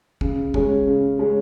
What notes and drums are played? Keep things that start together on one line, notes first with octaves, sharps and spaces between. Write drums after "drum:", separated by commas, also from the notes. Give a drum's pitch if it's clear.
C#3, drum: kick
G#3 C#4, drum: kick
C#3
G#3 C#4